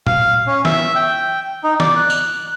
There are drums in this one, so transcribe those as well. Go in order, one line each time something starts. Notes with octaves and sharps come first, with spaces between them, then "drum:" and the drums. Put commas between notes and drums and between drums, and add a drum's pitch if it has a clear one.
F5, drum: tom A#2
C#4
E5, drum: snare
G5
D#4
D5, drum: snare
F#6
drum: tambourine